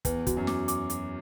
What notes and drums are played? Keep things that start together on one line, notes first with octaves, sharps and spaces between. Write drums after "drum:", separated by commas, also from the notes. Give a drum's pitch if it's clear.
E2 B4, drum: kick, hi-hat
F#4, drum: kick, hi-hat
F#2
D6, drum: snare
D6, drum: hi-hat
D6, drum: hi-hat